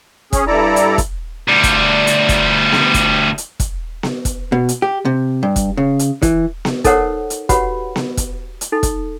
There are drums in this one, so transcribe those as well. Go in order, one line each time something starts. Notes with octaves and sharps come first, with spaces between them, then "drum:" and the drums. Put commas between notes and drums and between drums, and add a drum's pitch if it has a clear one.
C#4 G#4, drum: kick, hi-hat
G2 E4 A4 D5 A#5
drum: hi-hat
drum: kick, hi-hat
D2 G3
drum: kick, hi-hat
drum: hi-hat
drum: kick, hi-hat
drum: snare B3
drum: kick, hi-hat
drum: hi-hat
drum: kick, hi-hat
drum: snare B3
drum: kick, hi-hat
B2
drum: hi-hat
G4
C3
G2
drum: kick, hi-hat
C#3
drum: hi-hat
E3, drum: kick, hi-hat
drum: snare B3
D#4 A4 A#4 C5 C#5 F#5, drum: kick, hi-hat
drum: hi-hat
F#4 G4 B4 C#5 F#5 B5, drum: kick, hi-hat
drum: snare B3
drum: kick, hi-hat
drum: hi-hat
D#4 A4
drum: kick, hi-hat